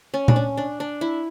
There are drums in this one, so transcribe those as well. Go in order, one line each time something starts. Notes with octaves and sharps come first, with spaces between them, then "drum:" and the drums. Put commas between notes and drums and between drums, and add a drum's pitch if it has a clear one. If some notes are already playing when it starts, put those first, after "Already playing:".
C#4
D4, drum: tom A#2
C#4
D4
D4
E4